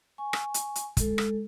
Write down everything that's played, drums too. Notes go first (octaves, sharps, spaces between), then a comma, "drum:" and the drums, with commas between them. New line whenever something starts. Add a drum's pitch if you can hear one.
G#5 C#6
drum: rim click
drum: hi-hat
drum: hi-hat
G#3 A4, drum: kick, hi-hat
drum: rim click